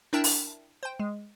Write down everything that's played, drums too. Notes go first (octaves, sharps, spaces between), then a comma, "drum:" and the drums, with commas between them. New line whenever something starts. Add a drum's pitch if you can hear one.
D4 E4 A#4 E5 G5 A5
drum: open hi-hat
C5 G5
G#3